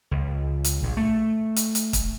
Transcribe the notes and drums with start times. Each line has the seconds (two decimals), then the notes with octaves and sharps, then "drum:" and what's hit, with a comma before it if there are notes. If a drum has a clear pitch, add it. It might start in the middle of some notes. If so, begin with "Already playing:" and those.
0.11 C#2
0.64 drum: hi-hat
0.83 A#1
0.97 A3
1.56 drum: hi-hat
1.75 drum: hi-hat
1.93 drum: kick, hi-hat